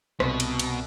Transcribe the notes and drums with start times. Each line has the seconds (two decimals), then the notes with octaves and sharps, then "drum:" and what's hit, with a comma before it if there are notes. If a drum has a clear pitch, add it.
0.20 C2 B2, drum: rim click
0.40 drum: cymbal
0.59 drum: cymbal